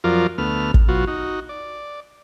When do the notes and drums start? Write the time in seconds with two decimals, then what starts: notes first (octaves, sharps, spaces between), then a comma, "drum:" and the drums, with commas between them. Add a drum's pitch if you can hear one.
0.04 F2 F3 F#3 F4 A#4 D5
0.38 D2 A3 B3 F6
0.74 drum: kick
0.88 B2 F#3 F4 F#4
1.08 D#4 F#4
1.49 D5